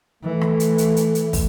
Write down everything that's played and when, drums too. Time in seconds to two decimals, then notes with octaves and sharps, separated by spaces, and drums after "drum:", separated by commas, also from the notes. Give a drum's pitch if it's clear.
0.23 E3 A3
0.41 drum: rim click
0.60 drum: hi-hat
0.78 drum: hi-hat
0.96 drum: hi-hat
1.15 drum: hi-hat
1.33 drum: kick, open hi-hat